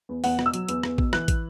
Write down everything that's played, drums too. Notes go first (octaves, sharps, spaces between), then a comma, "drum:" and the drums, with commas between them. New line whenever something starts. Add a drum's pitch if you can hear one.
E2
E2 F#5, drum: open hi-hat
B2, drum: rim click
E6
F#3, drum: hi-hat
E2, drum: hi-hat
E2, drum: rim click
B2, drum: kick
E3 F#6, drum: rim click
drum: kick, hi-hat